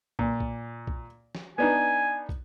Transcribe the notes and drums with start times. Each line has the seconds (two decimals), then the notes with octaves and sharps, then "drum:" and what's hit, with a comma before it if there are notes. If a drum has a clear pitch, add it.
0.19 A#2, drum: kick
0.40 drum: kick
0.87 drum: kick
1.35 drum: snare
1.58 B3 D4 D#4 G#5
2.29 drum: kick